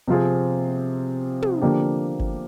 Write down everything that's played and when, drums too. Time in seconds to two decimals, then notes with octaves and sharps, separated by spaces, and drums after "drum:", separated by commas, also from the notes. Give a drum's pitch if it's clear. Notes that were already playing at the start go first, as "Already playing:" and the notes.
0.08 C3 F3 C4 F4 G#4
1.42 drum: tom
1.62 D3 F3 A#3 D4 G4
2.19 drum: kick G1